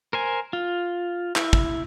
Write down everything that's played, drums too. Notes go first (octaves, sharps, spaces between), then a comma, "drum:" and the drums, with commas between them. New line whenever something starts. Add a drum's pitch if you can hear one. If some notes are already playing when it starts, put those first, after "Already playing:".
A#4 C5 G#5
F4
E4, drum: clap
drum: kick